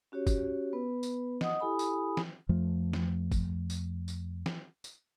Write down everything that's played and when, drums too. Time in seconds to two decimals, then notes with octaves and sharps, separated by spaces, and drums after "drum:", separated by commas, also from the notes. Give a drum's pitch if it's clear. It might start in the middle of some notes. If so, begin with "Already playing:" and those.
0.12 C#4 F#4 G4 C#5
0.27 drum: kick, tambourine
0.73 B3 B4
1.03 drum: tambourine
1.41 D#5 F#5 D#6, drum: snare
1.60 E4 G4 A4 G#5 B5 D#6
1.79 drum: tambourine
2.17 drum: snare
2.49 F2 F3 A3
2.93 drum: snare
3.32 drum: kick, tambourine
3.70 drum: tambourine
4.08 drum: tambourine
4.46 drum: snare
4.84 drum: tambourine